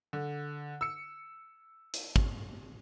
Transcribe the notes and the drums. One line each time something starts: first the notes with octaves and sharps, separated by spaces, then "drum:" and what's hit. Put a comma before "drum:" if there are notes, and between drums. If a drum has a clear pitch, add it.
D3
E6 C#7
drum: hi-hat
drum: kick